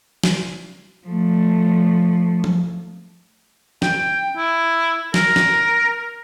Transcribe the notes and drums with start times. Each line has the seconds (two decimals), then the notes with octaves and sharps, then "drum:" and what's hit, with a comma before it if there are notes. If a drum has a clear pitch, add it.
0.24 drum: snare
1.07 F3 A3
2.44 drum: tom F3
3.82 G5, drum: snare
4.37 E4
5.14 A#4, drum: snare
5.36 drum: snare